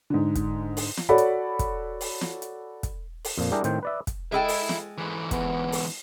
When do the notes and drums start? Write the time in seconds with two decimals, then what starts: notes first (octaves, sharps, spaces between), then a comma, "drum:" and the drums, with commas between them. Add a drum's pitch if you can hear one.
0.10 G#2 D3
0.35 drum: kick, hi-hat
0.77 drum: open hi-hat
0.97 drum: snare
1.09 F#4 A4 C#5 D5 B5
1.18 drum: hi-hat
1.59 drum: kick, hi-hat
2.01 drum: open hi-hat
2.21 drum: snare
2.42 drum: hi-hat
2.83 drum: kick, hi-hat
3.25 drum: open hi-hat
3.38 F2 A#2 F3
3.52 G3 D4 E4 G4 G#4 A#4
3.64 A2 D#3 C4 C5 G5, drum: hi-hat
3.83 B4 D5 E5
4.07 drum: kick, hi-hat
4.32 G#3 A4 E5 G5 B5
4.48 drum: open hi-hat
4.69 drum: snare
4.98 G#2 E3
5.31 B3, drum: kick, hi-hat
5.72 drum: open hi-hat